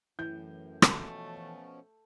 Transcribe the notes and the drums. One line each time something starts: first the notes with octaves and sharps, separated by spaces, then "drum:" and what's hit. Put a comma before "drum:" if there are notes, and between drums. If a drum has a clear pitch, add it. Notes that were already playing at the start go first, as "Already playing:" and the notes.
F#2 A2 E3 G6
B2 F3 A3 C#4, drum: rim click